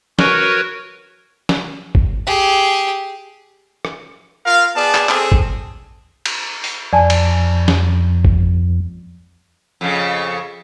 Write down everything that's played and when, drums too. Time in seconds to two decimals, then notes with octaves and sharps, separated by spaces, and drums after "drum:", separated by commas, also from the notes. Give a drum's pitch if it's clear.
0.19 F#4 A#4 B4 C#5, drum: snare
1.49 drum: snare
1.95 drum: kick
2.26 G4 G#4
3.85 drum: rim click
4.46 F4 A#4 F5
4.75 B3 G#4 D5 A5
4.95 drum: clap
5.09 C4 G#4 A4, drum: clap
5.32 drum: kick
6.26 drum: cymbal
6.64 drum: open hi-hat
6.93 F2 D5 G#5 A5
7.10 drum: cymbal
7.68 drum: snare
8.25 drum: kick
9.81 F2 C#3